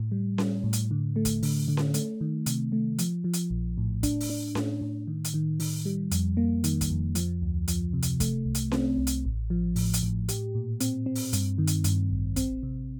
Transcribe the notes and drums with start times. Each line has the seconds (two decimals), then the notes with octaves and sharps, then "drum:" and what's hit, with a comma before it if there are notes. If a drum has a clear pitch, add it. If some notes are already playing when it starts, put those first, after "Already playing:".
Already playing: A2
0.12 G3
0.38 G3, drum: snare C#4
0.64 A2
0.73 drum: hi-hat
0.91 D3
1.16 A3
1.25 drum: kick, hi-hat
1.43 D3, drum: open hi-hat
1.68 D3
1.77 drum: snare C#4
1.94 A3, drum: hi-hat
2.21 D#3
2.46 C3, drum: hi-hat
2.72 A3
2.99 F3, drum: hi-hat
3.24 F3
3.34 drum: hi-hat
3.51 A#1
3.78 A2
4.03 D4, drum: kick, hi-hat
4.20 drum: open hi-hat
4.30 D4
4.55 A2, drum: snare C#4
4.81 A2
5.07 D#3
5.25 drum: hi-hat
5.34 D#3
5.60 D#3, drum: open hi-hat
5.85 G3
6.12 F2, drum: hi-hat
6.37 A#3
6.64 D#3, drum: hi-hat
6.81 drum: kick, hi-hat
6.90 F2
7.15 F3, drum: hi-hat
7.42 D2
7.68 F3, drum: hi-hat
7.93 C3
8.03 drum: hi-hat
8.20 A3, drum: kick, hi-hat
8.45 C2
8.55 drum: hi-hat
8.72 C4, drum: snare C#4
8.98 C2
9.07 drum: hi-hat
9.25 A1
9.50 F3
9.76 A2, drum: open hi-hat
9.94 drum: hi-hat
10.03 A2
10.29 G4, drum: hi-hat
10.55 A#2
10.80 C4, drum: hi-hat
11.06 C4
11.15 drum: open hi-hat
11.33 G2, drum: hi-hat
11.58 D#3
11.67 drum: hi-hat
11.84 G2, drum: hi-hat
12.11 A1
12.36 C4, drum: kick, hi-hat
12.63 C3